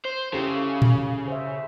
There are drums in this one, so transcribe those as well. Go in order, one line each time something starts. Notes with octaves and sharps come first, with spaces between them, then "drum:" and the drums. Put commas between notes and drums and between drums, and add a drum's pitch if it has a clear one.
C5
C#3 E4 G4 A4
drum: tom A#2
C5 E5